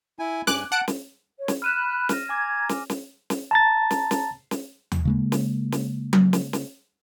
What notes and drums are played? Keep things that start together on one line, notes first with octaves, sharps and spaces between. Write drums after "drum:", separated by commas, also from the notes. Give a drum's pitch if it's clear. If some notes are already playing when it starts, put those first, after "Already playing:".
E4 G#5
G2 G#5 D6 F#6, drum: snare
F#5 A5 F#6 D7
drum: snare
C#5
drum: snare
B5 F6 F#6 D#7 E7
F6 A#6, drum: snare
G#5 A#5 D6 G#6
drum: snare
drum: snare
drum: snare
A5 A#5 A6
drum: snare
drum: snare
drum: snare
drum: tom D#2
C#3 G#3 A#3
drum: snare
drum: snare
drum: tom F#3
drum: snare
drum: snare